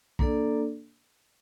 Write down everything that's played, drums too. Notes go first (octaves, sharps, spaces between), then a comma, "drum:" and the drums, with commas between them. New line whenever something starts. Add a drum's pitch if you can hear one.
A#3 D4 A4 D5, drum: kick